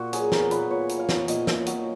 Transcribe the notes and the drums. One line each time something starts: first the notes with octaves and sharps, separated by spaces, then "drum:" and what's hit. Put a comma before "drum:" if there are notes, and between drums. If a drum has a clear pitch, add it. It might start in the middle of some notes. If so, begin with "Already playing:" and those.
Already playing: A#2 F#4
F#3 G#4, drum: hi-hat
B3 A#4, drum: snare
A#2 B4, drum: hi-hat
A#2 C#5
F#3, drum: hi-hat
F5
B3, drum: snare
A#2 D#5, drum: hi-hat
A#2, drum: snare
F#3, drum: hi-hat